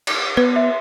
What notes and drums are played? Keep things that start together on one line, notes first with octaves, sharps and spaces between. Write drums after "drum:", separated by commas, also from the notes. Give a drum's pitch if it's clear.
drum: cymbal
B3 B4
E5